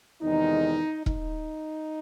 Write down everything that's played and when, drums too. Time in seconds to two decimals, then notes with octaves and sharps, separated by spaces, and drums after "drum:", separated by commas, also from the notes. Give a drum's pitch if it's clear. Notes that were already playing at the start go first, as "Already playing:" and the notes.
0.22 E2 C3 D#3 G#3 D#4
1.06 D#4, drum: kick E1